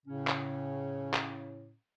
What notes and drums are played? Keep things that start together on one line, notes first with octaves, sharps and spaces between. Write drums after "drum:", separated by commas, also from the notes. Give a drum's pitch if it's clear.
A2 C#3 C#4
drum: clap
drum: clap